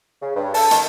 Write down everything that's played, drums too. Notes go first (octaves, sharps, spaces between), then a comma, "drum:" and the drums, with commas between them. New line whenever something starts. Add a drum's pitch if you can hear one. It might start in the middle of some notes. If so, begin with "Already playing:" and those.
C#3
G2
A4, drum: open hi-hat
D#3, drum: hi-hat